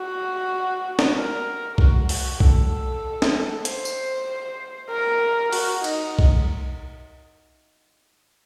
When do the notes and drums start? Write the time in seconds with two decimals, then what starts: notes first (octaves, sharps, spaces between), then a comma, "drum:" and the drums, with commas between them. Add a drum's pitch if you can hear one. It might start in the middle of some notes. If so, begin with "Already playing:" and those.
Already playing: F#4
0.99 drum: snare
1.15 A#4
1.78 F#4, drum: kick
2.09 F#4, drum: open hi-hat
2.40 A4, drum: kick
3.22 drum: snare
3.65 C5, drum: hi-hat
3.85 drum: tambourine
4.90 A#4
5.53 F#4, drum: open hi-hat
5.84 D#4, drum: cymbal
6.19 drum: kick